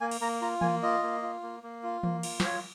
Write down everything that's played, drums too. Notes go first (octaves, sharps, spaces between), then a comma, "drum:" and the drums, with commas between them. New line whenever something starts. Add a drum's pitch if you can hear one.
A#3 G#5
drum: cymbal
A#3 A#5
F4 A#5
A#3 G#5, drum: tom E3
F4 D#5
A#3
F4
A#3
A#3
F4
A#3, drum: tom E3
F4, drum: cymbal
C5, drum: snare
F4 C#5